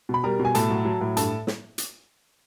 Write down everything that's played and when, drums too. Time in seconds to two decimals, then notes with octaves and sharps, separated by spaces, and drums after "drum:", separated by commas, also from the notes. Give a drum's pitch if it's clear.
0.09 B2 B5
0.24 G3 A#4 A#5
0.40 B2
0.45 G#5
0.55 A2 A4 A5, drum: hi-hat
0.70 F#3
0.85 F#3
1.01 A2
1.17 G2 A4 A5, drum: hi-hat
1.47 drum: snare
1.78 drum: hi-hat